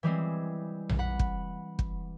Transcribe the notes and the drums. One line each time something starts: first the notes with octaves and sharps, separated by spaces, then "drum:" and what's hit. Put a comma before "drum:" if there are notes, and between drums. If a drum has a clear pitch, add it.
E3 G3 G#3 C4
drum: tom A#1
F#5 B5
drum: kick
drum: kick